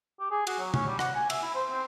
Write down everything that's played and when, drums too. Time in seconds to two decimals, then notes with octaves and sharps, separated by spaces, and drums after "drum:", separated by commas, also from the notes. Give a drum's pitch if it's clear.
0.20 G4
0.31 G#4
0.47 F#4, drum: cymbal
0.59 F#3
0.74 C#4, drum: tom
0.87 G3
0.99 F#5, drum: rim click
1.15 G#5
1.30 E5, drum: cymbal
1.42 E4
1.54 C5
1.71 C4